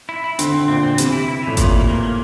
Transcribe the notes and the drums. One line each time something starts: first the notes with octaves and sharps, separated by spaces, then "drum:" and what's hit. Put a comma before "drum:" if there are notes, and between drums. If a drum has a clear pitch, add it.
E4
E4
D3 C4, drum: hi-hat
C4
A#2 C4
C4
C3 E3, drum: hi-hat
E4
E4
A2 E3
A#2 E3, drum: kick G#1, hi-hat
A#3
A#3
A#3